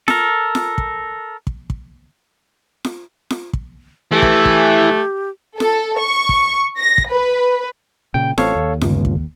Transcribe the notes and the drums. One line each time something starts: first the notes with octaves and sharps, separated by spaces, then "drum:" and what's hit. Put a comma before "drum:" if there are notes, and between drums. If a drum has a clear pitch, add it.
A4 A#4, drum: snare F4
drum: snare F4
drum: kick
drum: kick
drum: kick
drum: snare F4
drum: snare F4
drum: kick
E3 A3 G4
drum: kick
drum: kick
A4, drum: snare F4
C#6
drum: kick
A#6
drum: kick
B4
A#2 C#3 G5
A1 C4 A4 C#5 F5, drum: snare F4
D#2
G1 C#2, drum: snare F4
drum: kick